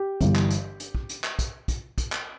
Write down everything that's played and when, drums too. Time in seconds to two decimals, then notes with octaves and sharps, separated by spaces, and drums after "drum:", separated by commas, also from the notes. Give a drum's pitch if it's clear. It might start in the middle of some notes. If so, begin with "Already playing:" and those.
Already playing: G4
0.21 G1 G2 E3, drum: kick, hi-hat
0.36 drum: clap
0.50 drum: hi-hat
0.80 drum: hi-hat
0.95 drum: kick
1.09 drum: hi-hat
1.24 drum: clap
1.39 drum: kick, hi-hat
1.68 drum: kick, hi-hat
1.98 drum: kick, hi-hat
2.12 drum: clap